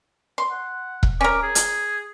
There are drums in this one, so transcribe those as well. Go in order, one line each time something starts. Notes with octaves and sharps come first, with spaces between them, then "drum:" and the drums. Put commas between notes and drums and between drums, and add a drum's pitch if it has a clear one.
C6
F#5
drum: kick E1
C#4 A#4 D6
G#4
drum: hi-hat